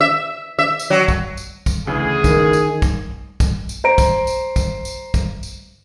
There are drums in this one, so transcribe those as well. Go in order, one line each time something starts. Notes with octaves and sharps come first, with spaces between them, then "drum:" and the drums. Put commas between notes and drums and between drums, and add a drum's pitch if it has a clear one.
E5
E5
drum: tambourine
F#3
drum: kick, tambourine
drum: tambourine
drum: kick, tambourine
D2 C#3 E3 G#4
D#3, drum: kick, tambourine
drum: tambourine
drum: kick, tambourine
drum: kick, tambourine
drum: tambourine
C5 A#5 D7
drum: kick, tambourine
drum: tambourine
drum: kick, tambourine
drum: tambourine
drum: kick, tambourine
drum: tambourine